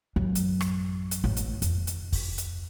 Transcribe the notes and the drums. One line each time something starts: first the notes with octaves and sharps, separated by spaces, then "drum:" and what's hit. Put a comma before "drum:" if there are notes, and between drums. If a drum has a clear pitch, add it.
A1 F#2
drum: hi-hat
drum: rim click
drum: hi-hat
A1 A3
drum: hi-hat
F2, drum: hi-hat
drum: hi-hat
drum: kick, open hi-hat
drum: hi-hat